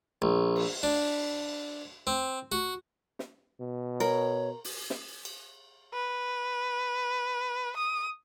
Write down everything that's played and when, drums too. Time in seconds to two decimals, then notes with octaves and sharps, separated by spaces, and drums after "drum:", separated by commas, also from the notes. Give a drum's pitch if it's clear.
0.22 A#1
0.56 drum: cymbal
0.83 D4
2.07 C4
2.52 F#4
3.19 drum: snare
3.60 B2
4.00 A#4 C#5, drum: cymbal
4.64 drum: open hi-hat
4.90 drum: snare
5.25 drum: cymbal
5.93 B4
7.76 D#6